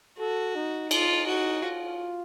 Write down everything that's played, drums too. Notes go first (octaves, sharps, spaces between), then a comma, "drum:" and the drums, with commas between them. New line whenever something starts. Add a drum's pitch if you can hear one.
F#4 A4
D#4
F4, drum: cymbal
F#4
F4